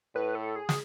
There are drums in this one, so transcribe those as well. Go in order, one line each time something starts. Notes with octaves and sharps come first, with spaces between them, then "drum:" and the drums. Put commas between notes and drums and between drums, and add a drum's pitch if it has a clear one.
A2 B4
A4
G#4
drum: snare